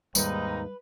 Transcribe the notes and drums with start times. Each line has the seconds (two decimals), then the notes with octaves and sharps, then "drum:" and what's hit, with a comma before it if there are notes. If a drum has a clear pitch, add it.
0.15 D#2 G#2 G3 A#3 C4 D#4 B4, drum: tambourine